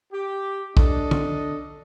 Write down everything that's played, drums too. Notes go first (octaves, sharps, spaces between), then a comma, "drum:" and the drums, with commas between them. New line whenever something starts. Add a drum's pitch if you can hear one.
G4
D4 A4 D#5, drum: kick
drum: tom